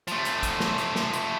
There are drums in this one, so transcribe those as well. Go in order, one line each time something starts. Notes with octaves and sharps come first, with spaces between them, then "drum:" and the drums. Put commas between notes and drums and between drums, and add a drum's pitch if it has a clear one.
F3 A3, drum: hi-hat
drum: hi-hat
drum: kick, hi-hat
drum: snare
drum: hi-hat
drum: snare
drum: hi-hat